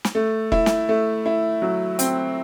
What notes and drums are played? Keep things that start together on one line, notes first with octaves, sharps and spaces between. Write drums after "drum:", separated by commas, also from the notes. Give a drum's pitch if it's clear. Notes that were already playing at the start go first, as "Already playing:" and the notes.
drum: snare
A3
E4, drum: kick E1
drum: snare
A3
E4
F#3
C4, drum: hi-hat